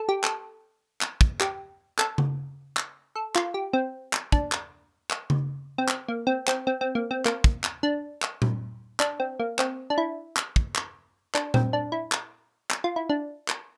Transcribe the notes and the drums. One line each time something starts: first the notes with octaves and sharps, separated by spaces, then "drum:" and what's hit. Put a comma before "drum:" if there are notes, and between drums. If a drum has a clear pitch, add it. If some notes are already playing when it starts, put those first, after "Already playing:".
Already playing: A4
G4
A4, drum: clap
drum: clap
drum: kick
G4, drum: clap
A4, drum: clap
drum: tom C#3
drum: clap
A4
F4, drum: clap
G4
C4
drum: clap
D4, drum: kick
drum: clap
drum: clap
drum: tom C#3
C4
drum: clap
A#3
C4
C4, drum: clap
C4
C4
A#3
C4
A#3, drum: clap
drum: kick
drum: clap
D4
drum: clap
drum: tom A#2
D4, drum: clap
C4
A#3
C4, drum: clap
D4
E4
drum: clap
drum: kick
drum: clap
D4, drum: clap
C4, drum: tom A#2
D4
E4
drum: clap
drum: clap
F4
E4
D4
drum: clap